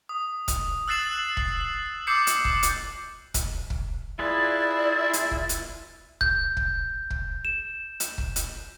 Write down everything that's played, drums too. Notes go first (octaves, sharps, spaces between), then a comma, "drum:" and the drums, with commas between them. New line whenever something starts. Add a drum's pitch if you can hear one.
D#6
drum: kick, hi-hat
E6 F#6 A6 C7 E7 F#7
C7, drum: kick
D6 E6 G6 C7 C#7
drum: hi-hat
drum: kick
drum: hi-hat
drum: kick, hi-hat
drum: kick
E4 F4 G#4 B4 D5 A6
drum: hi-hat
drum: kick
drum: hi-hat
G6, drum: kick
drum: kick
drum: kick
E7
drum: hi-hat
drum: kick
drum: hi-hat